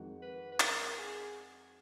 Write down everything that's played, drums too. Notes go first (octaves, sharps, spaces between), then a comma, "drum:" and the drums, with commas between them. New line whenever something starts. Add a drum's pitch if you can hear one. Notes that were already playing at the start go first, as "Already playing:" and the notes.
Already playing: F2 D#3 G#3 D#4 F#4
B4
B4
A#4, drum: clap
G#4